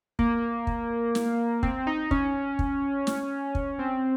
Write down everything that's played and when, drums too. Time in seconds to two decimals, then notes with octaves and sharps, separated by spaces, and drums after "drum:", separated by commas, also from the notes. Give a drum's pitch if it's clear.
0.19 A#3, drum: kick
0.67 drum: kick
1.15 drum: snare
1.63 C4, drum: kick
1.87 D#4
2.11 C#4, drum: kick
2.59 drum: kick
3.07 drum: snare
3.55 drum: kick
3.79 C4